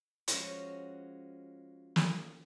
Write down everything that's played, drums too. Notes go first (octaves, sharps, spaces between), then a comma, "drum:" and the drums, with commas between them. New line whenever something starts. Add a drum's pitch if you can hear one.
F3 G#3 C#4 F#4 C#5, drum: hi-hat
drum: snare